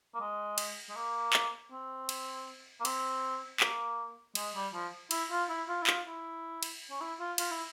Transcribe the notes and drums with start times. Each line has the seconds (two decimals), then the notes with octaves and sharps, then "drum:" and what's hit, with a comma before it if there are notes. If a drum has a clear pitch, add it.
0.14 A#3
0.20 G#3
0.58 drum: cymbal
0.89 G#3
0.96 A#3
1.33 drum: clap
1.72 C4
2.09 drum: cymbal
2.80 A#3
2.85 C4, drum: cymbal
3.60 A#3, drum: clap
4.35 G#3, drum: cymbal
4.55 G3
4.74 F3
5.11 E4, drum: cymbal
5.31 F4
5.49 E4
5.68 F4
5.82 E4
5.87 F4, drum: clap
6.06 E4
6.63 drum: cymbal
6.91 C#4
7.01 E4
7.20 F4
7.38 F4, drum: cymbal
7.51 E4